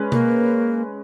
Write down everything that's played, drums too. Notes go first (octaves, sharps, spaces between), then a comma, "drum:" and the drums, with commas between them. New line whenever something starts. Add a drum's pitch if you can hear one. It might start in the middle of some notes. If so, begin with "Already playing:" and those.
Already playing: G#3 C#4 B4
A#3, drum: tom B2